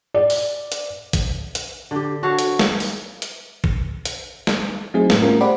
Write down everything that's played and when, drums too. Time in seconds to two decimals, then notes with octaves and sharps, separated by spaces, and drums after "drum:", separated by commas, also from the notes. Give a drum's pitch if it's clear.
0.14 D5
0.30 drum: open hi-hat
0.72 drum: hi-hat
1.13 drum: kick, hi-hat
1.55 drum: hi-hat
1.91 D3 G4
2.23 F#4 A4 C#5 F5
2.39 drum: hi-hat
2.59 drum: snare
2.80 drum: open hi-hat
3.22 drum: hi-hat
3.64 drum: kick
4.05 drum: hi-hat
4.47 drum: snare
4.94 F#3 A3 C4 D#4 E4 G#4
5.10 A2 A3 B3, drum: snare
5.22 A3 B3 C#4 F4 F#4 A#4
5.41 G4 C5 D5 F#5 B5 D6